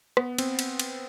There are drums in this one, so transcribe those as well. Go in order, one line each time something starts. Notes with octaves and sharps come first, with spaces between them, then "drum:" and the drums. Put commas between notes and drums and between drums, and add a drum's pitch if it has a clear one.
B3, drum: rim click
C4, drum: cymbal
drum: cymbal
drum: cymbal